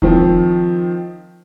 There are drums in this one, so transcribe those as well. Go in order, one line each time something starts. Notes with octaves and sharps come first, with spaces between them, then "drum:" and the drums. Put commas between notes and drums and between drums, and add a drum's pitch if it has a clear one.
D#3 F3 C4, drum: kick E1